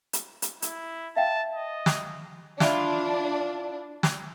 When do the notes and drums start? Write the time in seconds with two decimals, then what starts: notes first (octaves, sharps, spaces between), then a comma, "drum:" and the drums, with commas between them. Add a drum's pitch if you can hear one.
0.13 drum: hi-hat
0.42 drum: hi-hat
0.62 E4, drum: hi-hat
1.16 E5 F5 G5 A5
1.55 D#5
1.86 drum: snare
2.60 D4 E4 F4, drum: snare
4.03 drum: snare